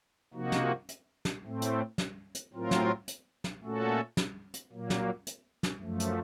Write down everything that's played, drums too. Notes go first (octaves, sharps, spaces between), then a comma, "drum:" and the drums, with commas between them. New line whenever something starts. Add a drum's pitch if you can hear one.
C3 F3 A#3 D#4 F#4
drum: snare
drum: hi-hat
drum: snare
A2 A3 C4
drum: hi-hat
drum: snare
drum: hi-hat
A2 F#3 C4 F4 A#4
drum: snare
drum: hi-hat
drum: snare
A#2 A3 C#4 F#4 A4
drum: snare
drum: hi-hat
A#2 F#3 A#3
drum: snare
drum: hi-hat
drum: snare
F#2 F3 A3
drum: hi-hat